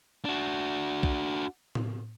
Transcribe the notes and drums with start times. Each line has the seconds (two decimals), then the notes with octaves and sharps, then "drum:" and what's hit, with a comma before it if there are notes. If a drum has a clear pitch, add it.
0.25 D4 F#4
1.03 drum: kick B1
1.75 drum: tom A2